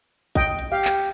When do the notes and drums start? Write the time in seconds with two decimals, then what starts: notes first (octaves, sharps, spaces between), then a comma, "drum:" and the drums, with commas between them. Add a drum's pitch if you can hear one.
0.35 D#5 G5, drum: kick A#1, hi-hat
0.59 drum: hi-hat
0.72 G4 F5
0.85 drum: clap